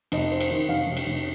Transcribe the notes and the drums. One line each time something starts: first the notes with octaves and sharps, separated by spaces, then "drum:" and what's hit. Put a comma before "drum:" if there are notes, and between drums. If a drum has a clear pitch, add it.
F1 D#5, drum: cymbal
C4
drum: cymbal
D#3
F1 F5
F1
drum: cymbal
F1